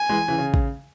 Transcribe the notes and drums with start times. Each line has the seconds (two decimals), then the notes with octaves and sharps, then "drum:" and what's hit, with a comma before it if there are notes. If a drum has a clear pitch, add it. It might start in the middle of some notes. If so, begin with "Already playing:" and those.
Already playing: G#5
0.09 E3 G#3
0.28 C#3 E3
0.38 C#3
0.54 drum: kick A1